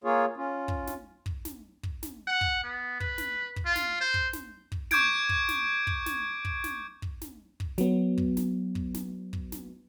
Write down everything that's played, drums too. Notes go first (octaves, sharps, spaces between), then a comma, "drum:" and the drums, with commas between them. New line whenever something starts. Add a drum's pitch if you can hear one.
A#3 F4 G#4 C#5
C#4 F4
drum: kick
drum: snare
drum: kick
drum: snare
drum: kick
drum: snare
F#5
drum: kick
B3
B4, drum: kick
drum: snare
drum: kick
F4
drum: snare
C5
drum: kick
drum: snare
drum: kick
C#6 D6 G6 G#6 D7, drum: snare
drum: kick
drum: snare
drum: kick
drum: snare
drum: kick
drum: snare
drum: kick
drum: snare
drum: kick
F#3 B3, drum: snare
drum: kick
drum: snare
drum: kick
drum: snare
drum: kick
drum: snare